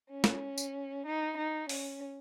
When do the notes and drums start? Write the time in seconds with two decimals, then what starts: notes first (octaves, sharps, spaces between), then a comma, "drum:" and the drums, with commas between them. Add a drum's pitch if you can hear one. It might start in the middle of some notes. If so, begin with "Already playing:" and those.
0.11 C#4
0.24 drum: snare
0.58 drum: tambourine
1.06 D#4
1.37 D#4
1.69 C#4, drum: open hi-hat